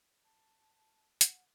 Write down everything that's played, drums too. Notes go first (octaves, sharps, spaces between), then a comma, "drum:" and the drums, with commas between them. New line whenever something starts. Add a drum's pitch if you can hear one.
A5
F#5, drum: hi-hat